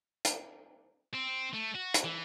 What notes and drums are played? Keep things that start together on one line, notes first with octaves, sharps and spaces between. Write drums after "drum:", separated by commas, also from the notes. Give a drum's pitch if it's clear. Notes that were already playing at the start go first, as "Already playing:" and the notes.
drum: hi-hat
C4
A3
F#4
drum: hi-hat
E3